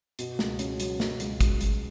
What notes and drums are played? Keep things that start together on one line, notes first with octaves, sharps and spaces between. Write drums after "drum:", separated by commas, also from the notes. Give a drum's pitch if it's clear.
B2, drum: hi-hat
C#2, drum: snare
C#4, drum: hi-hat
F#3, drum: hi-hat
B2, drum: snare
C#2, drum: hi-hat
C#2, drum: kick, hi-hat
F#3, drum: hi-hat